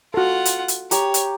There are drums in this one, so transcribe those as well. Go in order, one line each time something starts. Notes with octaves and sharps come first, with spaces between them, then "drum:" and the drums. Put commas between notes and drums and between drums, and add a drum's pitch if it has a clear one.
F4 F#4 A4 F#5
drum: hi-hat
drum: hi-hat
G4 C#5 A#5, drum: hi-hat
drum: hi-hat